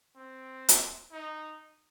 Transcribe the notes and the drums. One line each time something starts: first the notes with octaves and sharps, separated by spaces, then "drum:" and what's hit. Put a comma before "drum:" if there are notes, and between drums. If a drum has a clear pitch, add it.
C4
drum: hi-hat
D#4